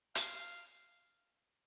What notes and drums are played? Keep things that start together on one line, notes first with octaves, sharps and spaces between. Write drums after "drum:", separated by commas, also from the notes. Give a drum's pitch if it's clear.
F5, drum: hi-hat